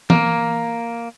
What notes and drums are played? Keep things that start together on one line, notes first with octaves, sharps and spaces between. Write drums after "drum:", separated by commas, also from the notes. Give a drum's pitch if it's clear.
A#3, drum: tom E3